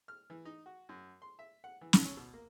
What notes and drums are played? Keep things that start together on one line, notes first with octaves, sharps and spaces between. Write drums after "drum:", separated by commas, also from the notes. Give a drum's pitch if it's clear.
F6
E3
D#4
F#4
F#2
C6
E5
F#5
E3
drum: snare
C#4
B2
A#3